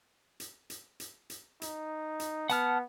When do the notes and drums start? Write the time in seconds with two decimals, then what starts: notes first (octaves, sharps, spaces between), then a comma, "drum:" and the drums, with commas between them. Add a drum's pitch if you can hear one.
0.40 drum: hi-hat
0.70 drum: hi-hat
1.00 drum: hi-hat
1.30 drum: hi-hat
1.62 D#4, drum: hi-hat
2.20 drum: hi-hat
2.50 B3 F#5 A5 F6, drum: hi-hat